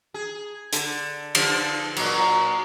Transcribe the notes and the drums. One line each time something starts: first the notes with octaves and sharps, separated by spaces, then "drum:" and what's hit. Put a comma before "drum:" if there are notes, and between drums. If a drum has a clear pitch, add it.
G#4
D3, drum: hi-hat
D3 F3, drum: cymbal
A#2 F#3, drum: cymbal